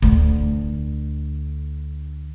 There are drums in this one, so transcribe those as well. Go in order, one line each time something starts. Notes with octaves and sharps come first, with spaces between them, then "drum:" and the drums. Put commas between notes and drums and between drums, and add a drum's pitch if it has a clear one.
D2 D3, drum: kick